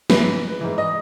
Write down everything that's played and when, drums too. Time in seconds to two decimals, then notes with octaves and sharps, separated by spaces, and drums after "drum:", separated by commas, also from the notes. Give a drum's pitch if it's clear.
0.10 G#2 E3 B4, drum: snare
0.61 G#2 E3
0.78 D#5